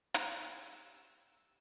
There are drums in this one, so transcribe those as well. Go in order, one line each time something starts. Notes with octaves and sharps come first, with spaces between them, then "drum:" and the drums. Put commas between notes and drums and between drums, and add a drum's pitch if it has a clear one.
G4 E6, drum: hi-hat